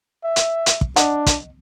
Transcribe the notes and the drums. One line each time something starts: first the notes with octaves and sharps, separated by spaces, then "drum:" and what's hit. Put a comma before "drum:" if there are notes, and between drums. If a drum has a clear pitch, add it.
E5
drum: hi-hat
drum: hi-hat
drum: kick
D4 D#5 F#5, drum: hi-hat
drum: kick, hi-hat